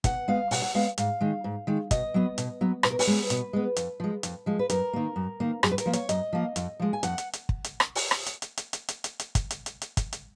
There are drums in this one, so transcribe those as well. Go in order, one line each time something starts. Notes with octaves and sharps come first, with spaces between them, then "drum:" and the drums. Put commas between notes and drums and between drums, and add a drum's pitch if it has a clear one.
B2 F#5, drum: kick, hi-hat
G#3 B3 F5
B2 F#5, drum: open hi-hat
F#5
G#3 B3 F5
G#2 F5, drum: hi-hat
D#3 G#3
G#2
D#3 G#3
B2 D#5, drum: kick, hi-hat
F#3 B3
B2, drum: hi-hat
F#3 B3
B2 B4, drum: rim click
A#4
B4, drum: open hi-hat
G#3 B3
B2, drum: hi-hat
G#3 B3
F2, drum: hi-hat
F3 G#3
F2, drum: hi-hat
F3 G#3
B4
F#2 A#4, drum: hi-hat
D#3 A#3
F#2
D#3 A#3
F#2 G#4, drum: rim click
B4
A#4, drum: hi-hat
F3 A#3
C#5, drum: hi-hat
F#2 D#5, drum: hi-hat
F3 A#3
F2, drum: hi-hat
F3 G#3
G#5
F2 F#5, drum: hi-hat
drum: hi-hat
drum: hi-hat
drum: kick
drum: hi-hat
drum: rim click
drum: open hi-hat
drum: rim click
drum: hi-hat
drum: hi-hat
drum: hi-hat
drum: hi-hat
drum: hi-hat
drum: hi-hat
drum: hi-hat
drum: kick, hi-hat
drum: hi-hat
drum: hi-hat
drum: hi-hat
drum: kick, hi-hat
drum: hi-hat